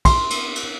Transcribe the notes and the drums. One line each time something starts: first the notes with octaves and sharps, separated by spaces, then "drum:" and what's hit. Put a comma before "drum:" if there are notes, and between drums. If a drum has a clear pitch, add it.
C6, drum: kick, cymbal
drum: cymbal
drum: cymbal